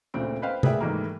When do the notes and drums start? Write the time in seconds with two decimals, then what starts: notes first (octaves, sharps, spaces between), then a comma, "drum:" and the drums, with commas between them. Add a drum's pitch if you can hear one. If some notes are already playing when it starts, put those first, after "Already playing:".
0.14 D2 A#2 C#3 C4 D7
0.42 B4 C5 D#5 F5 G5
0.63 G#4 A#4 B4 D5 E5 G5, drum: tom C3
0.81 G#2 D#3 E3 G3 A3 A#3